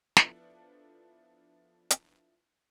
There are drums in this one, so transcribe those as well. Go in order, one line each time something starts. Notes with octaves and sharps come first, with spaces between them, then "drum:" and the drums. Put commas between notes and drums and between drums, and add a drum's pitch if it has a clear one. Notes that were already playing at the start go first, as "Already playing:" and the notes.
F3 B3 D4 E4 A4 D5, drum: snare
drum: hi-hat